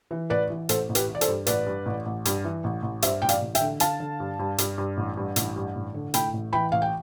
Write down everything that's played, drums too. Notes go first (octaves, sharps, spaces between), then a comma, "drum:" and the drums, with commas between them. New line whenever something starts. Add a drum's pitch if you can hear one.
E3
A1 B4 D5
E3
A1 A4 C5, drum: hi-hat
A1
G4 B4, drum: hi-hat
E3
D5
A4 C5, drum: hi-hat
G2
A1 B4 D5, drum: hi-hat
G2
A1
A1
G2, drum: hi-hat
E3
A1
A1
G2 C5 E5, drum: hi-hat
A1 G5
D5 F5, drum: hi-hat
A1
E5 G5, drum: hi-hat
D3
D3 F5 A5, drum: hi-hat
D3
G2
G2
G2, drum: hi-hat
G2
A1
G2
A1, drum: hi-hat
G2
A1
D3
A2 G5 B5, drum: hi-hat
A1
E3 G5 B5
A1 F5
G5